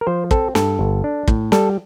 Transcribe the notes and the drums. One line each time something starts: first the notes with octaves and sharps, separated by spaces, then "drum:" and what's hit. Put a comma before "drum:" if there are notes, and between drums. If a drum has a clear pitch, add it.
A#4
F3 C5
C4 A4, drum: kick
G2 A4, drum: snare
G1
D4
A2, drum: kick
G3 A4, drum: snare